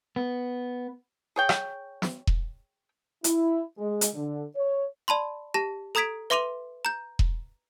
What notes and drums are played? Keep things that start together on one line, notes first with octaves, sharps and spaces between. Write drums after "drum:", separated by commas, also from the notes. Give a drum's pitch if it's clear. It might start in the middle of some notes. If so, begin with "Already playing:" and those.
B3
G#4 C#5 G5
drum: rim click
drum: snare
drum: kick E1
E4, drum: hi-hat
G#3
drum: hi-hat
D3
C#5
D5 A5 B5 C6
G4 A5 A#6 E7
A4 A#5 D#6 G#6 B6 D7
B4 E5 C6 D6 D#7 F7
A#5 G6
drum: kick E1